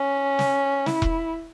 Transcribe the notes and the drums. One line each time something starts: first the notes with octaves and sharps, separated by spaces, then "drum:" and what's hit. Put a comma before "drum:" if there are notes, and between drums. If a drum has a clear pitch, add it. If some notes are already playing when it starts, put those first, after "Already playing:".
Already playing: C#4
drum: snare
E4, drum: snare
drum: kick E1